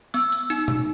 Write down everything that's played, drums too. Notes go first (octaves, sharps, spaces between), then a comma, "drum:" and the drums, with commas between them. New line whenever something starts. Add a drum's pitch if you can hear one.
B3 E6, drum: hi-hat
drum: hi-hat
D#4, drum: hi-hat
drum: tom B2